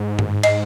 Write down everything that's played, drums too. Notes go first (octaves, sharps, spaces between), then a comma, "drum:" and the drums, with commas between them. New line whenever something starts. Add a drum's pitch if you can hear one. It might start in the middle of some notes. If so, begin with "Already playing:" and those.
Already playing: G#2
drum: tom G2
D#5, drum: cymbal